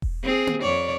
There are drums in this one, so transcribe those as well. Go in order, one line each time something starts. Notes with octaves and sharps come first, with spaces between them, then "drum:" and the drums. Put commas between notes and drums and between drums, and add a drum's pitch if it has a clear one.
drum: kick E1
C4 G#4
drum: tom A#3
F2 C#5 D5